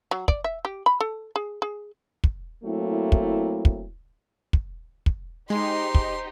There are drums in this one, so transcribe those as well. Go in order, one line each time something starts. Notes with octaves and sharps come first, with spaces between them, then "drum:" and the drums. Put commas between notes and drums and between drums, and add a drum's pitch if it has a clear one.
F#3
D5, drum: kick
E5
G4
B5
A4
G#4
G#4
drum: kick
F#3 A3 A#3 C4 E4
drum: kick
drum: kick
drum: kick
drum: kick
G#3 D#4 G4 C5 C6
drum: kick